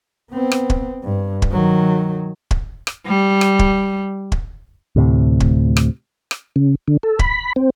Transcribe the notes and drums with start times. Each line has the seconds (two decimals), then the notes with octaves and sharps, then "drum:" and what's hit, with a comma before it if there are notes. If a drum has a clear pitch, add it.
0.31 B3 C4
0.52 drum: rim click
0.70 drum: kick
1.03 G2
1.42 drum: kick
1.52 D#3 F#3
2.51 drum: kick
2.87 drum: rim click
3.07 G3
3.41 drum: rim click
3.59 drum: kick
4.32 drum: kick
4.96 D2 A2 C3
5.40 drum: kick
5.77 drum: rim click
6.31 drum: rim click
6.56 C#3
6.87 D3
7.03 A4
7.19 B5, drum: kick
7.56 C4